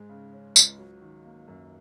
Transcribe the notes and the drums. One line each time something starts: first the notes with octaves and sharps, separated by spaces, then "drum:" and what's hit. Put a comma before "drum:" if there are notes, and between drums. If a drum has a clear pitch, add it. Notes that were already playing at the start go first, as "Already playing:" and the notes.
Already playing: G#2 G#3
C#3
C#4
C#2, drum: tambourine
F#3
D#3
A#3
F#2